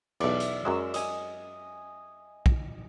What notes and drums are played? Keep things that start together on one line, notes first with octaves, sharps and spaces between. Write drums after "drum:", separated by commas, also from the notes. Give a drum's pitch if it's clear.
B1 E2 D5 E5, drum: cymbal
drum: hi-hat
F#2 F#3 G#3 E6
D#5 G#5, drum: hi-hat
drum: kick